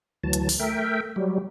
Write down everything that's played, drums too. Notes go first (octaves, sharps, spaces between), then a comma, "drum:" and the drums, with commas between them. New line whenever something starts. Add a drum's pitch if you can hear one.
D2 E3 F#3 A5
drum: hi-hat
drum: open hi-hat
A3 A#4 E5 G5
F#3 G3